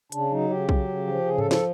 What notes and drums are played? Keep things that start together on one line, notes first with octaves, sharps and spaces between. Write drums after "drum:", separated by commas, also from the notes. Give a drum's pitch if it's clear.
C#3 D4, drum: hi-hat
F#3 D#4
C#3 G4
F#3, drum: kick B1
C#3
F3
C#3 G#4
A4, drum: tom G#2
F3
A4, drum: snare